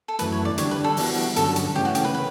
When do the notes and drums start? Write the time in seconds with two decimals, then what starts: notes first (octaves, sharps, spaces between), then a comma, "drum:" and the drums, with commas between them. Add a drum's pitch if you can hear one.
0.08 A4
0.19 F#2 E3 A3 B4, drum: hi-hat
0.32 C#5
0.45 D5
0.58 D3 G3 D4 C#5, drum: hi-hat
0.71 B4
0.84 A4
0.97 E3 G3 B3 F#4, drum: open hi-hat
1.36 G2 D3 F#3 C#4 A4, drum: hi-hat
1.56 drum: hi-hat
1.75 C#3 E3 A3 C#4 G4
1.85 F#4
1.95 G4, drum: hi-hat
2.05 B4
2.15 C#3 B4